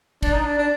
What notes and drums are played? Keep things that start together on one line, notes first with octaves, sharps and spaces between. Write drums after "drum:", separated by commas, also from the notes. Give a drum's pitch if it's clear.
D4, drum: kick, cymbal
D#4
D4
D4